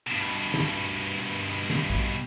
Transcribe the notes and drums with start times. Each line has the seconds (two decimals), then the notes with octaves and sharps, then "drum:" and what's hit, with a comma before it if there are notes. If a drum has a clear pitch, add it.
0.07 G2 B2
0.54 drum: snare
1.70 drum: snare
1.90 drum: kick A#1